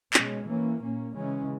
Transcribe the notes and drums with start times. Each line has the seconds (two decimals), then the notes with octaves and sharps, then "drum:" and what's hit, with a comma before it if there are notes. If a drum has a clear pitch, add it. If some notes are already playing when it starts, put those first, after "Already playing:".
0.14 B2 G#3 C#4, drum: clap
0.47 E3 A#3 C#4
0.80 A#2 A#3 C#4
1.13 C#3 E3 G#3 C#4